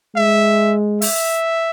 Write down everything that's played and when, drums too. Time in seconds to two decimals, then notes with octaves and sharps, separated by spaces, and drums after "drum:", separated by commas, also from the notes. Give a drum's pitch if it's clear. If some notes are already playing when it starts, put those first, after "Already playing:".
0.16 G#3 E5
1.02 E5, drum: open hi-hat